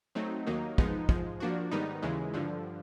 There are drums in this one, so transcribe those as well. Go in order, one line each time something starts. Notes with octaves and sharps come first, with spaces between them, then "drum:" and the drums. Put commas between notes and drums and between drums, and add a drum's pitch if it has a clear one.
F#3 A3 C4 D#4
D#2 D#3 F#3 A#3 D#4
F3 G#3 B3 D#4, drum: kick
G#2 F3 G#3, drum: kick
F3 A#3 D4 F#4
G#2 D#3 G3 B3 D#4
D#2 C#3 E3 G#3
G2 D3 F3